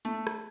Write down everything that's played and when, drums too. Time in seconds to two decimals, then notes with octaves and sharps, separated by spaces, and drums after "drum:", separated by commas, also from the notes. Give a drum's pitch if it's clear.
0.05 A3, drum: hi-hat
0.27 drum: rim click